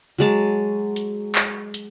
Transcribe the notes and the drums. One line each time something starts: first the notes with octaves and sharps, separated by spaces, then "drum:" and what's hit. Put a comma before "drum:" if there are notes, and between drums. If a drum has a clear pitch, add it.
F#3 G#3 A5
drum: hi-hat
drum: clap
drum: hi-hat